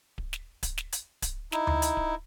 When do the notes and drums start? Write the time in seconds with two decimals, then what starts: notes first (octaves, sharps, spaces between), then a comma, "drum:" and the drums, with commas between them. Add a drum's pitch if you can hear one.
0.18 drum: kick D1
0.33 drum: snare
0.63 drum: kick D1, hi-hat
0.78 drum: snare
0.92 drum: hi-hat
1.22 drum: kick D1, hi-hat
1.52 D#4 E4, drum: snare
1.67 drum: tom D2
1.82 drum: hi-hat
1.97 drum: kick D1